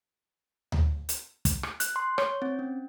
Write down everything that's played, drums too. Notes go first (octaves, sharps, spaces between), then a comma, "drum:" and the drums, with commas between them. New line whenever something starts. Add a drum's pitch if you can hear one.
drum: tom D2
drum: hi-hat
drum: kick, hi-hat
drum: rim click
F#6, drum: hi-hat
C6
C#5, drum: rim click
C4
C#4